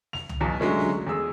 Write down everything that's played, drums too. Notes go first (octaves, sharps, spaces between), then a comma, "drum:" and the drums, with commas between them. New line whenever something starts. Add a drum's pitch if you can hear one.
F7, drum: snare
drum: tom C2
B1 E2 B2
D3 F#3 G#3 A3 C#4, drum: snare
drum: snare
E2 G#4 E6